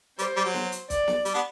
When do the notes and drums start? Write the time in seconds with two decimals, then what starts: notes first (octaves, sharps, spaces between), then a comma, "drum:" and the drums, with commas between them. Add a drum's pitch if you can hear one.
0.19 G3 C5, drum: hi-hat
0.36 G3
0.45 F#3
0.54 drum: snare
0.72 drum: hi-hat
0.90 D5, drum: kick, hi-hat
1.08 drum: snare
1.25 G3, drum: hi-hat
1.34 B3 D4